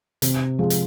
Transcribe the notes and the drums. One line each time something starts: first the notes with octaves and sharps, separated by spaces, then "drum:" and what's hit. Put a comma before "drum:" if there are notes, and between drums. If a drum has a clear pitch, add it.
C3, drum: hi-hat
F3 G#3
drum: hi-hat